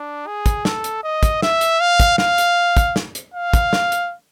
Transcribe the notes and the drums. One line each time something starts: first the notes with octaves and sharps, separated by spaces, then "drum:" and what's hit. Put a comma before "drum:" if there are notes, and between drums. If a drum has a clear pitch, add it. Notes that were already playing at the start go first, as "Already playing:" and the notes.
Already playing: D4
G#4
drum: kick, hi-hat
A4, drum: snare
drum: hi-hat
D#5
drum: kick, hi-hat
E5, drum: snare
drum: hi-hat
F5
drum: kick, hi-hat
F5, drum: snare
drum: hi-hat
drum: kick, hi-hat
drum: snare
drum: hi-hat
F5
drum: kick, hi-hat
drum: snare
drum: hi-hat